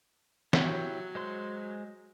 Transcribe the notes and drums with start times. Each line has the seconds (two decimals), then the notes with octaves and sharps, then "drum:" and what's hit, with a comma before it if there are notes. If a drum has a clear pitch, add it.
0.53 F#3 E4 G4 C#5, drum: snare
1.15 G#3 C5 C6